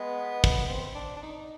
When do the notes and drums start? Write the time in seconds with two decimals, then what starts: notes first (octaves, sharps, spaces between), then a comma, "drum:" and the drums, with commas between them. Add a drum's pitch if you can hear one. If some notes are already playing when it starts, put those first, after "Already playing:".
Already playing: G#3 B3
0.44 drum: kick
0.67 C4
0.95 D4
1.17 D4
1.23 D#4